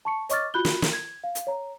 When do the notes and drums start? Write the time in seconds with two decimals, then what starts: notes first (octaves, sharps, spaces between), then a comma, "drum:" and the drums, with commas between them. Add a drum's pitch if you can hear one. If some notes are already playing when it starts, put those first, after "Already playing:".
0.05 A5 C#6 C#7
0.29 C#5 D#5 C#6 D6 F6 A6, drum: hi-hat
0.54 F4 F#4 B5 F#6 G6 G7
0.65 drum: snare
0.82 drum: snare
0.93 G#6
1.24 F5
1.35 drum: hi-hat
1.47 C#5 A#5